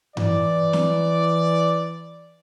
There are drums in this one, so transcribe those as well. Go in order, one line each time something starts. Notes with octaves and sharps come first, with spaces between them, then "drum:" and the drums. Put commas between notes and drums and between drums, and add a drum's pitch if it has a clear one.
E3 D5, drum: tom G2
drum: snare